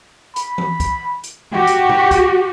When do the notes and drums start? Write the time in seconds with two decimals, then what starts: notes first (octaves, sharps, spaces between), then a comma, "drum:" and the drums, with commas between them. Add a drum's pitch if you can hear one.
0.36 B5, drum: hi-hat
0.58 drum: tom E3
0.80 drum: kick, hi-hat
1.24 drum: hi-hat
1.53 F#4 G4 G5
1.67 drum: hi-hat
1.89 drum: tom B2
2.11 drum: kick, hi-hat